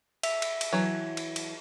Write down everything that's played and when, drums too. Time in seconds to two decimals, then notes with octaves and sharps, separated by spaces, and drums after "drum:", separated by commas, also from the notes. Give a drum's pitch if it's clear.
0.23 E5, drum: cymbal
0.42 drum: cymbal
0.61 drum: cymbal
0.73 E3 F#3
1.17 drum: cymbal
1.36 drum: cymbal